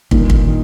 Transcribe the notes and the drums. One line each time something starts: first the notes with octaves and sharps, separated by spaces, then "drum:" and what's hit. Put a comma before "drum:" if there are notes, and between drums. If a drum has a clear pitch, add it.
G1 G2 A#2 D#3, drum: kick
drum: kick
D#3